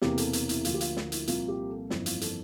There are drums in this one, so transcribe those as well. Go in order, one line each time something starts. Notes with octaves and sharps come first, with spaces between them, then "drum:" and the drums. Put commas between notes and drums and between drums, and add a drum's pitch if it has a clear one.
E1 E2 C3 E3 A#3 G4, drum: snare
A4, drum: hi-hat
drum: hi-hat
E4, drum: hi-hat
D2 D3 F3 A#3 F4, drum: hi-hat
G4
F4, drum: hi-hat
F4, drum: snare
E4, drum: hi-hat
C2 A#2 F3 A#3 F4, drum: hi-hat
G4
A4
G1 F2 E3 A#3 E4, drum: snare
F4, drum: hi-hat
A4, drum: hi-hat